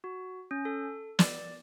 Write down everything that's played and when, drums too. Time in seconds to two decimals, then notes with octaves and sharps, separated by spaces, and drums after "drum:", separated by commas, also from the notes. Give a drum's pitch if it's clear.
0.04 F#4
0.51 C#4
0.65 A4
1.19 D5, drum: snare